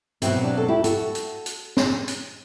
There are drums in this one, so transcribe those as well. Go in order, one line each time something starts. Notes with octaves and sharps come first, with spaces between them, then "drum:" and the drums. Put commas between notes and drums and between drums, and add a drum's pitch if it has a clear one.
B2 F#3 C4 E4 G4, drum: hi-hat
D4
A4
E4 G4
F#4 A4, drum: hi-hat
drum: hi-hat
drum: hi-hat
drum: snare
drum: hi-hat